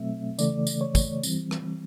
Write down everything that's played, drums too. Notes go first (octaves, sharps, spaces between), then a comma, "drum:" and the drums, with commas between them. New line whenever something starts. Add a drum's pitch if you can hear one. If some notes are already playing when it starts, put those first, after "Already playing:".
Already playing: B2 F#3 A3 C4 E5
C#3 E3 A3 D5, drum: tambourine
drum: tambourine
C#5
drum: kick, tambourine
E3 G3 C4, drum: tambourine
drum: rim click